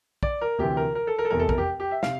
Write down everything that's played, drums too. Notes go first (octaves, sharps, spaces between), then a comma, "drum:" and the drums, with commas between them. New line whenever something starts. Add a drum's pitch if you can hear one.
D5, drum: kick
A#4
D2 C3 E3 G4
A#4
A#4
A4
A#4
A4
F1 E2 C3 A#4
A4
A#4, drum: kick
G4
G4
E5
C3 F5, drum: snare